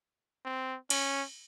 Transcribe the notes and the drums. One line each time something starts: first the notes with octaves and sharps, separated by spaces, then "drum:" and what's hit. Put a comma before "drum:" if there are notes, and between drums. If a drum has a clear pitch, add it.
C4
C#4, drum: cymbal